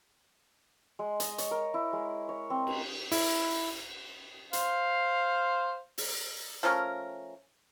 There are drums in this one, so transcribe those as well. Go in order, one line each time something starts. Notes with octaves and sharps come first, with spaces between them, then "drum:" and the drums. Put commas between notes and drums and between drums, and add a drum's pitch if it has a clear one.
G#3
D#5, drum: hi-hat
C#5, drum: hi-hat
A#4
E4
G#3
C#5
C4
drum: cymbal
E4, drum: open hi-hat
C5 F5, drum: hi-hat
drum: open hi-hat
F3 A3 C#4 A#4